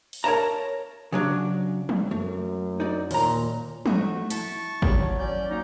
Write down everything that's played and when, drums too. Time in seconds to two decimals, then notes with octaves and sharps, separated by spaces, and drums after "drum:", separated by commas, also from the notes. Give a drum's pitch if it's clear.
0.13 drum: open hi-hat
0.24 A#4 C#5 D#5 A5 A#5
1.12 C#3 F#3 D4
1.89 drum: tom
2.11 F#2 A3
2.80 D#4 D5
3.11 D#2 A#2 A#5, drum: open hi-hat
3.86 A3 D#4 F#4, drum: tom
4.30 E4 A5 C#6, drum: hi-hat
4.82 F#3, drum: kick G#1
5.19 C#4 D5 G6
5.50 F#3 A#3 D#4